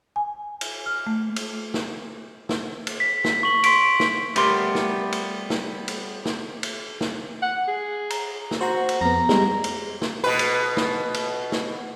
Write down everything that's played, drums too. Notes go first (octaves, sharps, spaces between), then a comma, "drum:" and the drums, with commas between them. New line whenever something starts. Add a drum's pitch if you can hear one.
G#5
drum: cymbal
F6
A3
drum: cymbal
drum: snare
drum: snare
drum: cymbal
B6
drum: snare
C#6 F#7
C6 B6 D7, drum: cymbal
drum: snare
G3 A3 B3 G4 A#4 C6, drum: cymbal
drum: snare
drum: cymbal
drum: snare
drum: cymbal
drum: snare
drum: cymbal
drum: snare
F#5
G#4
A#5, drum: cymbal
drum: snare
F#4 C5 A#5
drum: cymbal
F2 B3 A#5
G3 G#3, drum: snare
drum: cymbal
drum: snare
B2 B4
drum: cymbal
drum: snare
drum: cymbal
drum: snare